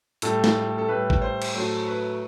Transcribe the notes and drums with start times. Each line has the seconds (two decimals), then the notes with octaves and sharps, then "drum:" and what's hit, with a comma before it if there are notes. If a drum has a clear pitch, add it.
0.22 A2 G3 A4, drum: hi-hat
0.44 drum: snare
0.78 A4
0.88 A2 G3 B4
1.10 drum: kick A1
1.22 C5
1.42 drum: cymbal
1.55 A2 F#3 A3 C5
1.88 B4